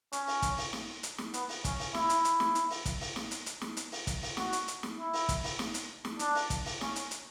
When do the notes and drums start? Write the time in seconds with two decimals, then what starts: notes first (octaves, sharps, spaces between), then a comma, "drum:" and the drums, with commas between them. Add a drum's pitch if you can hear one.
0.13 C#4, drum: hi-hat
0.27 drum: open hi-hat
0.42 drum: kick, hi-hat
0.58 drum: open hi-hat
0.73 drum: snare
1.03 drum: hi-hat
1.18 drum: snare
1.34 B3, drum: hi-hat
1.49 drum: open hi-hat
1.65 C#4, drum: kick, hi-hat
1.79 drum: open hi-hat
1.94 E4, drum: snare
2.10 drum: hi-hat
2.25 drum: hi-hat
2.40 drum: snare
2.55 drum: hi-hat
2.70 drum: open hi-hat
2.85 drum: kick, hi-hat
3.01 drum: open hi-hat
3.16 drum: snare
3.31 drum: hi-hat
3.46 drum: hi-hat
3.61 drum: snare
3.77 drum: hi-hat
3.92 drum: open hi-hat
4.07 drum: kick, hi-hat
4.22 drum: open hi-hat
4.37 F#4, drum: snare
4.53 drum: hi-hat
4.68 drum: hi-hat
4.83 drum: snare
4.98 E4
5.13 drum: open hi-hat
5.29 drum: kick, hi-hat
5.44 drum: open hi-hat
5.59 drum: snare
5.74 drum: hi-hat
6.05 drum: snare
6.19 D4, drum: hi-hat
6.35 drum: open hi-hat
6.50 drum: kick, hi-hat
6.65 drum: open hi-hat
6.81 C#4, drum: snare
6.96 drum: hi-hat
7.11 drum: hi-hat